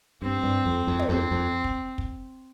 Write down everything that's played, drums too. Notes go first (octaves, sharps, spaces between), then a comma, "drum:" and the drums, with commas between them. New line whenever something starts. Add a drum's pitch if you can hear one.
G2 C4
G2
F2
F2
drum: tom
F2 C4
F2
drum: kick
drum: kick